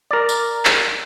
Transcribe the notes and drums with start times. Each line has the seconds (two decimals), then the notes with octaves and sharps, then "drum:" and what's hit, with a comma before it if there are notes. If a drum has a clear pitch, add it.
0.11 A#4 D5
0.29 drum: tambourine
0.65 drum: clap